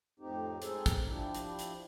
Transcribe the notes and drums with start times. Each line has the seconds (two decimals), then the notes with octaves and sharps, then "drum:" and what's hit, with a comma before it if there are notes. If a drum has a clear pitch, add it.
0.20 F2 A2 C4 D#4 G4
0.62 G#3 C4 D#4 G#4 A4, drum: hi-hat
0.86 drum: kick, hi-hat
1.07 F3 D4 E4 G4
1.34 drum: hi-hat
1.59 drum: hi-hat